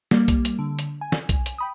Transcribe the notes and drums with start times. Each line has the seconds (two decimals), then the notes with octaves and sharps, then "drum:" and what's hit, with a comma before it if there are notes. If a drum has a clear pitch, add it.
0.11 G3 A#3, drum: snare
0.28 drum: kick B1, hi-hat
0.45 drum: hi-hat
0.59 D3
0.79 drum: hi-hat
1.01 G#5
1.12 drum: snare
1.29 drum: kick B1, hi-hat
1.46 drum: hi-hat
1.58 G5 B5 D#6